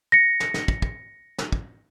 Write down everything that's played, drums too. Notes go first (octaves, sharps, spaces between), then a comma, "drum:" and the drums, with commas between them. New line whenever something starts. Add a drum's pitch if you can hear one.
A#6 C#7
drum: snare
drum: snare
drum: kick
drum: kick
drum: snare
drum: kick